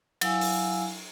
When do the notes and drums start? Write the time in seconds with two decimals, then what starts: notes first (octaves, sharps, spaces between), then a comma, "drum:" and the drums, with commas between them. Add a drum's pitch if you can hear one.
0.21 F#3 E4 F5 G#5 E6, drum: cymbal
0.41 drum: open hi-hat